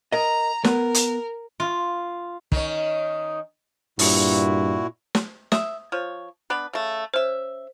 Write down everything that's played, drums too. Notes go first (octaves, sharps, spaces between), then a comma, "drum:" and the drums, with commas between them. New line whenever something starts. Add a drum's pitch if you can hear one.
A#4 D#5 A#5
B3 A#4, drum: snare
drum: hi-hat
F4
D#3 C#4, drum: kick
G2 A#2 E4 F#4, drum: open hi-hat
drum: snare
E5 D#6, drum: snare
F3 C#5
B3 D4 B4
C#3 A3
C#4 C5 E5